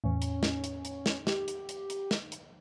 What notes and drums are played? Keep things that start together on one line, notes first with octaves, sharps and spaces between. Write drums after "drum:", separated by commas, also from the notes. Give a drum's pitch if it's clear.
E2 A2 C#4
drum: hi-hat
drum: snare
drum: hi-hat
drum: hi-hat
drum: snare
G4, drum: snare
drum: hi-hat
drum: hi-hat
drum: hi-hat
drum: snare
drum: hi-hat